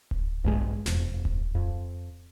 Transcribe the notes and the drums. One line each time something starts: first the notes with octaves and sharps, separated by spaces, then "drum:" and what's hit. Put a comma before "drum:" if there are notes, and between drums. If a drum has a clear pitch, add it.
drum: kick D1
A#1 G2 G#3
E1 F2, drum: snare
drum: kick D1
F2